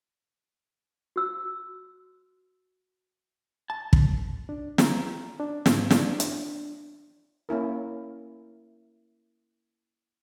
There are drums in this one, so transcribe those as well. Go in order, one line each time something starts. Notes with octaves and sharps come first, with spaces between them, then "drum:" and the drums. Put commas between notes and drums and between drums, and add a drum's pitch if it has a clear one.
F#4 E6
A5
drum: kick
D4
A#5, drum: snare
D4
G#2, drum: snare
D4, drum: snare
drum: hi-hat
A#3 C#4 E4 A#4